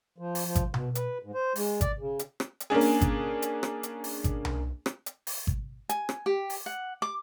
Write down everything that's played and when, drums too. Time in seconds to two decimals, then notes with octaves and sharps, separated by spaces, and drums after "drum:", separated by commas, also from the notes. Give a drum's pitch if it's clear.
0.18 F3
0.35 drum: open hi-hat
0.45 F3
0.55 drum: kick G#1, hi-hat
0.74 B2, drum: tom B2
0.95 B4, drum: hi-hat
1.23 G#2
1.34 C5
1.56 G#3, drum: open hi-hat
1.81 D5, drum: kick G#1, hi-hat
1.99 C#3
2.19 drum: hi-hat
2.40 drum: rim click
2.60 drum: hi-hat
2.70 A#3 C#4 D4 G#4
2.81 drum: open hi-hat
3.01 drum: kick G#1, hi-hat
3.42 drum: hi-hat
3.63 drum: rim click
3.83 drum: hi-hat
4.04 drum: open hi-hat
4.24 drum: kick G#1, hi-hat
4.45 drum: tom C2
4.86 drum: rim click
5.06 drum: hi-hat
5.27 drum: open hi-hat
5.47 drum: kick G#1
5.89 G#5, drum: hi-hat
6.09 drum: rim click
6.26 G4
6.50 drum: open hi-hat
6.66 F#5
7.02 D6